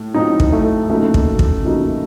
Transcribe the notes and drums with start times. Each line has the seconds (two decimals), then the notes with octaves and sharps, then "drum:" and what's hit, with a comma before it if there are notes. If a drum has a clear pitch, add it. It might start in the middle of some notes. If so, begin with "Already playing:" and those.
Already playing: A2
0.14 A2 F#3 C4 D#4 F4
0.40 drum: kick
0.53 A3
0.89 C#3 F3 A3 A#3 D#4 F#4
1.14 drum: kick
1.39 drum: kick
1.64 C#3 F3 A#3 D#4 F#4